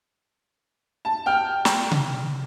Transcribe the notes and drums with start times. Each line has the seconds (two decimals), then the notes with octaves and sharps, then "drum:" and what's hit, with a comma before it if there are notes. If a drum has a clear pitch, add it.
1.05 A5
1.26 G5 F6
1.65 drum: snare
1.91 drum: tom C3